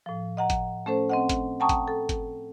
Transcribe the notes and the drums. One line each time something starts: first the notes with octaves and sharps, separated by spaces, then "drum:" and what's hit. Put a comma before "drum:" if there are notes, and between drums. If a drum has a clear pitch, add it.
A2 F3
D#5 F#5 A#5
drum: kick G1, hi-hat
A3 C#4 A4 C5
C4 D#5 F#5
drum: kick G1, hi-hat
F#5 G5 A5 A#5 C#6 D#6
drum: kick G1, hi-hat
A4
drum: kick G1, hi-hat